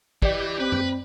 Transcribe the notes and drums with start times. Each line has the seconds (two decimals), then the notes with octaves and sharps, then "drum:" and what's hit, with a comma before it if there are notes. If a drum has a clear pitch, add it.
0.22 E3 G4 D5 D#5 G5, drum: kick
0.60 C4 B4
0.72 drum: tom F#2